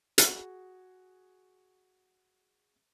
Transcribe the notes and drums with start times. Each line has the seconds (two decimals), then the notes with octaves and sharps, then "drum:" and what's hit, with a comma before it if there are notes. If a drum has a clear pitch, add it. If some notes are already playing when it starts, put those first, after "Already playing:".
0.18 F#4 G#4, drum: hi-hat